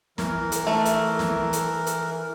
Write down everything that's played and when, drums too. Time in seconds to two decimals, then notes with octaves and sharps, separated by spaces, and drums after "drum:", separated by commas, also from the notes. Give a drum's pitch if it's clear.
0.18 E3 A#4, drum: snare
0.52 drum: hi-hat
0.67 A3
0.85 drum: hi-hat
1.19 drum: snare
1.53 drum: hi-hat
1.87 drum: hi-hat